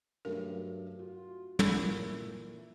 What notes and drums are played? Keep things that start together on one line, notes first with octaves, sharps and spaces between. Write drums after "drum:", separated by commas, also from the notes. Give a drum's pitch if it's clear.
G2 F#3 A3 A#4
F4 F#4
A#2 E3 B5 E6, drum: tom